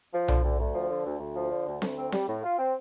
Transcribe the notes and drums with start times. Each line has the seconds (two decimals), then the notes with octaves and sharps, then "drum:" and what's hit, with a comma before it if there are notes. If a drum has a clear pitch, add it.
0.13 F3
0.28 D3, drum: tom B1
0.43 D2
0.59 D2
0.74 F3
0.89 D3
1.05 D2
1.20 D2
1.35 F3
1.51 D3
1.67 D2
1.82 D2, drum: snare C4
1.97 C4
2.12 G3, drum: snare C4
2.28 A2
2.44 F4
2.59 C4